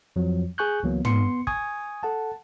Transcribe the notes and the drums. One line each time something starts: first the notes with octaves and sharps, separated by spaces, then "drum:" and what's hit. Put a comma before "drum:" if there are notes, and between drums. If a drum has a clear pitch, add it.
F2 F3 F#3
G#4 G#5 C#6 F#6 G6
C#2 E3 F#3 A#3 B3
B3 C6 C#7, drum: tom
G#5 C#6 D#6 G#6, drum: kick
A4 F#5 A5